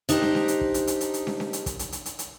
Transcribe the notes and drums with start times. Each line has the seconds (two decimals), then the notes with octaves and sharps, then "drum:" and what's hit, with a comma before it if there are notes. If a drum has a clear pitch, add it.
0.09 D4 D#4 G4 A#4 C5, drum: hi-hat
0.22 drum: snare
0.35 drum: snare
0.48 drum: hi-hat
0.61 drum: kick
0.74 drum: hi-hat
0.87 drum: hi-hat
1.01 drum: hi-hat
1.14 drum: hi-hat
1.27 drum: snare
1.40 drum: snare
1.53 drum: hi-hat
1.66 drum: kick, hi-hat
1.79 drum: hi-hat
1.92 drum: hi-hat
2.06 drum: hi-hat
2.19 drum: hi-hat